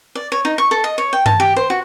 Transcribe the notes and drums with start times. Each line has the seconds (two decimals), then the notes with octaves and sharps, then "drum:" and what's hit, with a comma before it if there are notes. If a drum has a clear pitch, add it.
0.15 D5
0.32 C#5
0.45 D#4
0.58 C#6
0.71 A4
0.84 D#5
0.98 C#5
1.13 G5
1.26 A5, drum: tom G2
1.40 G4
1.56 C5
1.70 F#4